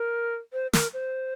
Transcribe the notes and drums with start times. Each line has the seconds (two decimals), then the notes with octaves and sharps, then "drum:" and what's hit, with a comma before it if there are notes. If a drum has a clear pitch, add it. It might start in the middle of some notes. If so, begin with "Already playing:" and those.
Already playing: A#4
0.53 C5
0.73 A#4, drum: snare
0.94 C5